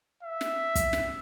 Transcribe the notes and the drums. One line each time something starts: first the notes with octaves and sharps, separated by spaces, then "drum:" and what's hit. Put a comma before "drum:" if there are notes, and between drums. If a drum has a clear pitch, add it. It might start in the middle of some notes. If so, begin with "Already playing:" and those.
E5
drum: snare
drum: kick, hi-hat
drum: snare